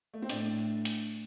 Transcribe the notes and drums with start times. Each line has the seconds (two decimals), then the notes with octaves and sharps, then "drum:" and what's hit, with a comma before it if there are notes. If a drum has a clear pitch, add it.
0.14 A3
0.22 C4
0.29 A2 D4, drum: hi-hat
0.85 drum: hi-hat